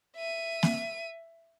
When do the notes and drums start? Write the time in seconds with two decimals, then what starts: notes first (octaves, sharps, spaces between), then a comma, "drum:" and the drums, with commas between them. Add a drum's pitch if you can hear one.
0.16 E5 D#7
0.63 drum: snare A#3